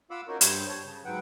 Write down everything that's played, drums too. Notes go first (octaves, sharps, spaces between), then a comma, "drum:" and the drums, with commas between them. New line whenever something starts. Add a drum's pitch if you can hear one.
F4 F5 F#5 B5 D6 E6
C#4 D#4 F#4 A#4
G2 G3 C5 C#5 C#6, drum: hi-hat
C#5 A5
C#3
G#2 F#3 B4 F#5 G5